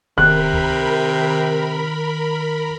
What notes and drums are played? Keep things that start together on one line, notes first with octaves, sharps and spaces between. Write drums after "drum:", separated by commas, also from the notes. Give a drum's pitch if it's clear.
C3 D#3 A#4 B5 F#6, drum: kick D1
drum: tom C#2